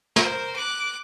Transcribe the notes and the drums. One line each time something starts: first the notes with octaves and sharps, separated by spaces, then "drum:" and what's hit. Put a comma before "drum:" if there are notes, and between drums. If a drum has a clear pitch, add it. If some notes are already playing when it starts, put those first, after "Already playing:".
A#4 C5, drum: snare
D6 F#6